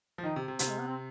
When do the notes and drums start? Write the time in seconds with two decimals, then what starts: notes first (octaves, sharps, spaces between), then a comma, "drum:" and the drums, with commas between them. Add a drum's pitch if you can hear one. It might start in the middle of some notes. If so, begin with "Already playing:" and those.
0.18 F3
0.23 D#3 D#4
0.36 C3
0.48 C3
0.59 C3 C4, drum: hi-hat
0.70 G#3
0.79 B3
0.87 C4